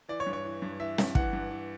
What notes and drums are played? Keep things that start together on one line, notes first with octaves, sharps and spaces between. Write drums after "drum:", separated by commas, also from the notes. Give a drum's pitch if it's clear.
E3 D5
C#5
G2
C#5
E3
G2
E3 E5
G2, drum: snare
E3 F#5, drum: kick
G2
E3